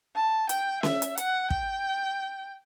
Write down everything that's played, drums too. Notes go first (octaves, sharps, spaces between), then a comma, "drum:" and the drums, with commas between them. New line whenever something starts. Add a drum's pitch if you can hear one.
A5
G5, drum: hi-hat
E5, drum: snare C#4
drum: hi-hat
F#5, drum: hi-hat
G5, drum: kick